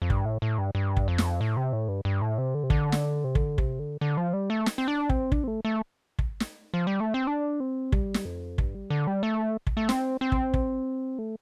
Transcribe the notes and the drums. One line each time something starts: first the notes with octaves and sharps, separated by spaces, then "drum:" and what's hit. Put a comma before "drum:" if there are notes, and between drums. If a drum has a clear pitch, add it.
F2
G2, drum: kick
A2
A2
G2
G2
drum: kick
F2
drum: snare
A2
C3
A2
G2
G2
A2
C3
D3
C3
D3, drum: kick
drum: snare
C3
D3, drum: kick
C3, drum: kick
D3
D3
F3
G3
A3
drum: snare
C4
D4
C4, drum: kick
D4, drum: kick
C4
A3
A3
drum: kick
drum: snare
F3
G3
A3
C4
D4
C4
G3, drum: kick
drum: snare
F2
G2, drum: kick
G3
D3
G3
A3
drum: kick
A3
C4, drum: snare
C4
drum: kick
drum: kick
A3